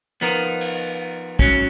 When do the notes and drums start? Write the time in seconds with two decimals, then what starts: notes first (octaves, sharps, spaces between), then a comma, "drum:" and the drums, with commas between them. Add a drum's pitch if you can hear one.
0.21 F3 B3 D#4 A#4
0.61 drum: cymbal
1.39 G#2 F#3 C#4, drum: kick